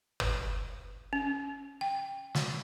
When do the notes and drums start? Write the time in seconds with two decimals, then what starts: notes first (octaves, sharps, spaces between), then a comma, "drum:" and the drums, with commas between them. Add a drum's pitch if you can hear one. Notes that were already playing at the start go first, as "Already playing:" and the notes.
0.20 drum: tom
1.13 C#4
1.81 G5
2.35 drum: snare